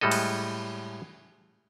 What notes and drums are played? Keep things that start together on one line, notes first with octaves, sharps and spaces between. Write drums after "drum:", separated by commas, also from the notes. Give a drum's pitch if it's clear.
A2 G3 G#3 A4 D#5
drum: cymbal